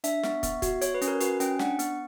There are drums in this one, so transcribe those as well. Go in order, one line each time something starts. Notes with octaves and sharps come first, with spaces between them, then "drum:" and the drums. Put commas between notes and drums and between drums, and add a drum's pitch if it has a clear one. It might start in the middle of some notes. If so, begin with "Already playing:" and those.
D4 E5, drum: hi-hat
B3, drum: snare
B3, drum: kick, hi-hat
F#4, drum: kick, hi-hat
F#4 C#5, drum: hi-hat
B4
C#4, drum: hi-hat
A#4
F#4 B4, drum: hi-hat
C#4 G5, drum: hi-hat
D4 F#5, drum: snare
B3, drum: hi-hat